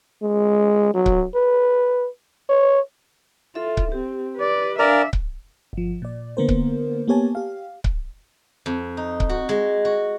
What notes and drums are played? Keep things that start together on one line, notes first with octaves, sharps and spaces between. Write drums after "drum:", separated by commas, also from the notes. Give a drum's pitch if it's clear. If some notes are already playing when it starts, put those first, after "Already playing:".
G#3
F#3
drum: kick C#1
B4
C#5
F4 A4 E5
drum: kick C#1
C4 G4
B4 D5
D4 A#4 D5 E5 F5 G#5
drum: kick C#1
G1 F3
A#2 D5
D3 A#3 B3 A#4 C5
drum: kick C#1
A#3 B3 G4 C#5 G#5 A5
G4 F5
drum: kick C#1
F2
D#4
drum: kick C#1
F#4
G#3
F#4